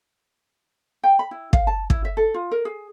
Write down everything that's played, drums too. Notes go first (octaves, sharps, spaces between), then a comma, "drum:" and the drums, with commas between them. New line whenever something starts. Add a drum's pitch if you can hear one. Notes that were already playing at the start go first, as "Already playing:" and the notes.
G5
B5
E4
F5, drum: kick
A5
E4, drum: kick
E5
A4
F4
A#4
G#4